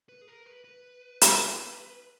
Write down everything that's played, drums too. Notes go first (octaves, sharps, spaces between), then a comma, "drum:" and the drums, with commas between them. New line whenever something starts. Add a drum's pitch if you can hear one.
B4
G#4
A#4
B4
B4
drum: hi-hat